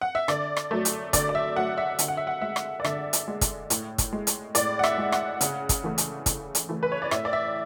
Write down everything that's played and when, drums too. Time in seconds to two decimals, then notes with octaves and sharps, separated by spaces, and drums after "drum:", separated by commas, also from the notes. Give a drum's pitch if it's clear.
0.01 F#5
0.15 E5
0.28 D3 D5, drum: rim click
0.57 drum: rim click
0.71 F#3 A3
0.85 drum: hi-hat
1.13 D3 D5, drum: kick, hi-hat
1.29 D5
1.35 E5
1.56 F#3 A3 F#5
1.78 E5
1.99 D3, drum: hi-hat
2.08 F#5
2.17 E5
2.27 F#5
2.41 G#3 E5
2.56 drum: rim click
2.80 D5
2.84 D3 E5, drum: rim click
3.13 drum: hi-hat
3.28 G#3
3.41 drum: kick, hi-hat
3.70 A2, drum: hi-hat
3.98 drum: kick, hi-hat
4.13 G#3
4.27 drum: hi-hat
4.55 A2 D5, drum: hi-hat
4.79 F#5
4.84 E5, drum: rim click
4.98 G#3
5.12 F#5, drum: rim click
5.41 C#3, drum: hi-hat
5.69 drum: kick, hi-hat
5.84 E3 A3
5.98 drum: hi-hat
6.26 C#3, drum: kick, hi-hat
6.55 drum: hi-hat
6.69 E3 A3
6.83 B4
6.92 C#5
7.02 D5
7.11 A2 E5, drum: rim click
7.25 D5
7.33 E5